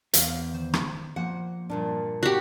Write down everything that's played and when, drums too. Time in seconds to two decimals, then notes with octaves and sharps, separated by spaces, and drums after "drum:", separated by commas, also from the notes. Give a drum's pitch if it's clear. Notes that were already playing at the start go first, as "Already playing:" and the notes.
0.14 E2 E5 F5, drum: hi-hat
0.54 D#3 C5
0.74 drum: rim click
1.16 F3 A#3 C5 F#5
1.70 G2 A#2 D4
2.23 C#3 F#4 G4